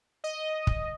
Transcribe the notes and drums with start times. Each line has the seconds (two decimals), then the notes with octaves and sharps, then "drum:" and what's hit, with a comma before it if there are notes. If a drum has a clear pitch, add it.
0.24 D#5
0.67 drum: kick